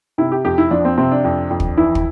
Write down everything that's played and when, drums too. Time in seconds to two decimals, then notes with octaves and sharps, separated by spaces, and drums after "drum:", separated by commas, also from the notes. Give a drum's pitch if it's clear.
0.18 C3 E4
0.32 G4
0.45 F2 G4
0.58 E4
0.71 F3 D4
0.85 C4
0.97 C3 C4
1.12 D4
1.24 F2
1.50 F2
1.60 drum: kick
1.77 E3 E4
1.95 drum: kick